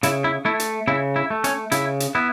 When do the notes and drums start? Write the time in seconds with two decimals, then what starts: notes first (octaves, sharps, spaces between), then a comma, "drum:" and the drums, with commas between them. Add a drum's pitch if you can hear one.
0.03 C#3 E4, drum: hi-hat
0.24 E4
0.45 A3 E4
0.60 drum: hi-hat
0.88 C#3 E4
1.16 E4
1.30 A3
1.44 C#4, drum: hi-hat
1.72 C#3 E4, drum: hi-hat
2.00 drum: hi-hat
2.15 B3 E4